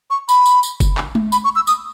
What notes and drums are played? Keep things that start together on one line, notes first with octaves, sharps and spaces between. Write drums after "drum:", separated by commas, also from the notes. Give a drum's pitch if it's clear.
C#6
B5, drum: tambourine
drum: tambourine
drum: tambourine
drum: kick F#1, tambourine
drum: clap
drum: tom G#3
B5, drum: tambourine
C#6
E6
D#6, drum: tambourine